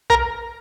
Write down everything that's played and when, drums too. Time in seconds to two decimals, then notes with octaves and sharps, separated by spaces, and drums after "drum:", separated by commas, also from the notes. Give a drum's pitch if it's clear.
0.10 A#4, drum: kick B1